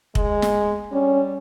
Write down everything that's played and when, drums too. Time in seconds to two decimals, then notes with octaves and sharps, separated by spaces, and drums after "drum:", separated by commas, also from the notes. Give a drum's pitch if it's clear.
0.15 G#3, drum: kick
0.42 drum: snare
0.92 G3 C#4